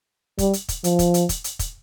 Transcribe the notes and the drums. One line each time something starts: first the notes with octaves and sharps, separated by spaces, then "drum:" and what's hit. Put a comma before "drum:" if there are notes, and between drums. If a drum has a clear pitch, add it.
G3, drum: kick, hi-hat
drum: hi-hat
drum: kick, hi-hat
F3, drum: hi-hat
drum: kick, hi-hat
drum: hi-hat
drum: kick, hi-hat
drum: hi-hat
drum: kick, hi-hat